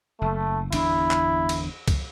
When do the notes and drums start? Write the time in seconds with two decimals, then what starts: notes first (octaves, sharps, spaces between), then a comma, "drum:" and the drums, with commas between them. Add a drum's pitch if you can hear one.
0.21 F#1 A3
0.73 G1 E2 D4 E4, drum: cymbal
1.11 drum: clap
1.49 drum: cymbal
1.88 drum: kick C#2, cymbal